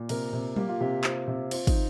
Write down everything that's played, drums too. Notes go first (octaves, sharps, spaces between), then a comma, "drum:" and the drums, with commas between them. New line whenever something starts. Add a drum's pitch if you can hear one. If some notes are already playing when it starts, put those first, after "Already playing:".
Already playing: A#2
C3 A#4, drum: cymbal
C3
A#3 G4, drum: tom F#3
F4
C3 G4
C4 F4, drum: clap
C3
C4 F4, drum: cymbal
D#4, drum: kick, cymbal